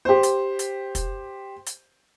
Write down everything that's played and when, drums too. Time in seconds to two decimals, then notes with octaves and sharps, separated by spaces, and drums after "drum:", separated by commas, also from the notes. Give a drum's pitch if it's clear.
0.05 G4 C5
0.23 drum: hi-hat
0.59 drum: hi-hat
0.95 drum: kick, hi-hat
1.66 drum: hi-hat